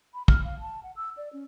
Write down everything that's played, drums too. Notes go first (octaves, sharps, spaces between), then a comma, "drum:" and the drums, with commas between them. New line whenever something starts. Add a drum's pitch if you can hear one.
B5
F6, drum: kick
F5
A5
F#5
E6
D5
C#4